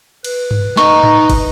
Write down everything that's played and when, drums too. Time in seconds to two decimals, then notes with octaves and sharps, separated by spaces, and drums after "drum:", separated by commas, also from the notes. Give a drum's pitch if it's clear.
0.24 B4, drum: cymbal
0.51 drum: tom G2
0.77 D#4 D#5 C#6, drum: snare
1.03 drum: tom G#2
1.30 drum: kick, cymbal